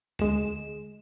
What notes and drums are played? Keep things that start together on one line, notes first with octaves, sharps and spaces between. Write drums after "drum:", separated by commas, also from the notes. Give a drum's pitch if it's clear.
D2 G#3 E7, drum: tom